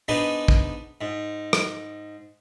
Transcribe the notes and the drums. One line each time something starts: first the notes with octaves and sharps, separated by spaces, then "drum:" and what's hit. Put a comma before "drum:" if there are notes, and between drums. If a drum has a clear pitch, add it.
B3 D4 D#4 G#4 B4 C5
drum: kick
G#2
drum: rim click